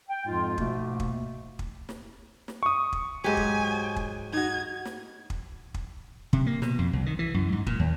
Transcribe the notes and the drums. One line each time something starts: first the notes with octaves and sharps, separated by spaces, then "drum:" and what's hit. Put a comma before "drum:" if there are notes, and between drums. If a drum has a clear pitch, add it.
G5
F2 G#2 F3 G#3 F4
G#2 B2 A3 A#3, drum: kick
drum: kick
drum: kick
drum: snare
drum: snare
C#6 D#6
drum: kick
G#2 F#3 G4 G#5
drum: kick
drum: kick
D#4 F#4 G#6
drum: snare
drum: kick
drum: kick
C3, drum: kick
A#3
B2, drum: snare
F2
C2
D#3
E3
F#2
G#2
A#2, drum: kick
D#2